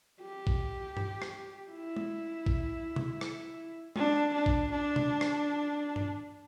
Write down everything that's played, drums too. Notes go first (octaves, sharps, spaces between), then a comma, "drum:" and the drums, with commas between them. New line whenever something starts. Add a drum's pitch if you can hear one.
G4
drum: kick A#1
drum: tom G2
drum: rim click
E4
drum: tom G#3
drum: kick A#1
drum: tom C3
drum: rim click
D4, drum: tom G#3
D4
drum: kick A#1
D4
drum: tom C3
drum: rim click
drum: tom G2